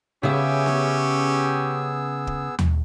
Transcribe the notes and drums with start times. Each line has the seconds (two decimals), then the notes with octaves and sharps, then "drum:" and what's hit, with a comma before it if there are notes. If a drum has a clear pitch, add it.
0.23 C#3 B3 C#4 G4 G#4 E5 E6
0.66 drum: snare B3
2.27 drum: kick
2.59 drum: tom D#2